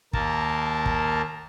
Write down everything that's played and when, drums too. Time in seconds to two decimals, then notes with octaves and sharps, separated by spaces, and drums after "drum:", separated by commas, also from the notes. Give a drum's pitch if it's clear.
0.13 D#2 A#3 A#4 A5, drum: kick
0.86 drum: kick